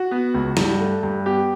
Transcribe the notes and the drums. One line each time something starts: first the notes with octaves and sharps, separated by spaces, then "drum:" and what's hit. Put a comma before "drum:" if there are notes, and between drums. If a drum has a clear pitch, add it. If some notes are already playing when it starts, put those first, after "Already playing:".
Already playing: F#4
B3
C#2
G2, drum: snare
A3
G2
B3 G4